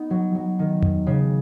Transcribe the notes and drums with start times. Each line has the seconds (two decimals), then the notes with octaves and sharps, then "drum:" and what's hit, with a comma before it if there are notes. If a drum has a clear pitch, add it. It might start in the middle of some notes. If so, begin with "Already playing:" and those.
Already playing: B3 D#4
0.10 F#3
0.35 F#3
0.59 D#3
0.82 drum: tom E2
1.07 C#3